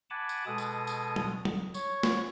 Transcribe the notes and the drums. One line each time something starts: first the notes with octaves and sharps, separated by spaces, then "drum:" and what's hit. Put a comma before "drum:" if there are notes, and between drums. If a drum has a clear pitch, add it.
F#5 G#5 A5 B5 D6
drum: tambourine
B2 G#3 A4 D#6
drum: tambourine
drum: tambourine
drum: tom
drum: tom
C#5 C#6, drum: tambourine
drum: snare